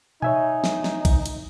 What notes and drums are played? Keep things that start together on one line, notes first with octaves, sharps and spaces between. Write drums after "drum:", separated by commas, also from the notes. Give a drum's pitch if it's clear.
D#4 C#5 E5 G#5, drum: tom A#2
drum: snare
drum: snare
drum: kick A#1, cymbal
drum: cymbal